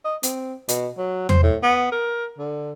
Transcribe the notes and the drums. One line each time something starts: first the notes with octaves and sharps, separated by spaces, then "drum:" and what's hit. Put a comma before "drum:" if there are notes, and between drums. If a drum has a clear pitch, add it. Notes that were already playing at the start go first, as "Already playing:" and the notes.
D#5
C4, drum: hi-hat
B2, drum: hi-hat
F#3
C5, drum: tom E2
A2
B3
A#4
D3